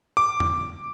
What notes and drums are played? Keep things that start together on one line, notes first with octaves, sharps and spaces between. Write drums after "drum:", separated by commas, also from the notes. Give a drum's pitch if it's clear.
D6
drum: tom E2